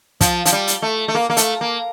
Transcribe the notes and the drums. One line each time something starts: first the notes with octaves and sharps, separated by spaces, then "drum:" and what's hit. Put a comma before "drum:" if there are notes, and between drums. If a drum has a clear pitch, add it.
F3, drum: kick, hi-hat
F3, drum: hi-hat
G3
drum: hi-hat
A3
A3
A#3
A#3
A3, drum: hi-hat
A#3